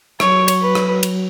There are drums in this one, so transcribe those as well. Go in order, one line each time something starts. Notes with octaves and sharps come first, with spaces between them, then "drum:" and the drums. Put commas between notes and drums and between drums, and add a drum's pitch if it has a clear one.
F#3 C#5, drum: rim click
drum: cymbal
B4
drum: rim click
drum: cymbal